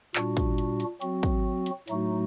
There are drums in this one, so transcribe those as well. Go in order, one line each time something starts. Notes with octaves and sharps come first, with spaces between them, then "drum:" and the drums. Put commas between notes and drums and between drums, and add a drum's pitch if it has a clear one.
A#2 G3 D4 F#4, drum: clap
drum: kick, hi-hat
drum: hi-hat
drum: hi-hat
F#3 C4 F#4, drum: hi-hat
drum: kick, hi-hat
drum: hi-hat
A2 F#3 A3 D#4 F#4, drum: hi-hat